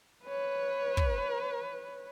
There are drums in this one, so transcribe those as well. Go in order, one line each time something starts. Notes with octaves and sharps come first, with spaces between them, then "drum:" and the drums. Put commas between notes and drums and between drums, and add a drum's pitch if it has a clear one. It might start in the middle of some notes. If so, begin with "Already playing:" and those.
B4 C#5
drum: kick